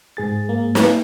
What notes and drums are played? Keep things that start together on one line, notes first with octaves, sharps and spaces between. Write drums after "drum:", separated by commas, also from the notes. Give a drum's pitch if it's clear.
G#2 G#4 A6
A#3
drum: snare